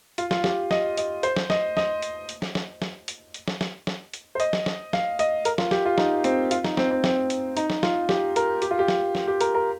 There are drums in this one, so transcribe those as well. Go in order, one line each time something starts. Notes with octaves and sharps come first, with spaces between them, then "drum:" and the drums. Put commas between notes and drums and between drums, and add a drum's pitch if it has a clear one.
F4, drum: hi-hat
F4, drum: snare
G4, drum: snare
D#5, drum: snare
D#5, drum: hi-hat
C5, drum: hi-hat
drum: snare
D#5, drum: snare
D#5, drum: snare
drum: hi-hat
drum: hi-hat
drum: snare
drum: snare
drum: snare
drum: hi-hat
drum: hi-hat
drum: snare
drum: snare
drum: snare
drum: hi-hat
C5
D#5, drum: hi-hat
drum: snare
drum: snare
F5, drum: snare
D#5, drum: hi-hat
A#4, drum: hi-hat
F4, drum: snare
G4, drum: snare
F4
D#4, drum: snare
C4, drum: hi-hat
F4, drum: hi-hat
D#4, drum: snare
C4, drum: snare
C4
C4, drum: snare
drum: hi-hat
D#4, drum: hi-hat
drum: snare
F4, drum: snare
G4, drum: snare
A#4, drum: hi-hat
G4, drum: hi-hat
F4
G4
drum: snare
drum: snare
G4
A#4, drum: hi-hat
A#4